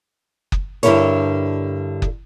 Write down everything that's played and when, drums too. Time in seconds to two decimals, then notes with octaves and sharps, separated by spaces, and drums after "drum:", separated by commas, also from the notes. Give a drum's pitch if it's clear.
0.52 drum: kick F#1
0.83 G2 D3 D#3 E4 A#4 C#5, drum: hi-hat
2.02 drum: kick F#1